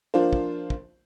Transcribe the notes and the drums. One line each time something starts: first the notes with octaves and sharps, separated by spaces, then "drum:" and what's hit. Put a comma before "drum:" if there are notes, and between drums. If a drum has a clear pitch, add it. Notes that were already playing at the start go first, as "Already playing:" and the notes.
F3 A#3 D4 F4 C5
drum: kick
drum: kick